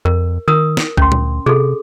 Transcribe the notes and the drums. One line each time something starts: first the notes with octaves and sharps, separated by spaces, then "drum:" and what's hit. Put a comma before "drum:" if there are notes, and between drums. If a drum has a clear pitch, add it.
F2 A#4
D#3 A#4 D#6
drum: snare
D2 C#4 C6, drum: kick A#1
drum: tom A#2
C3 G#4 A4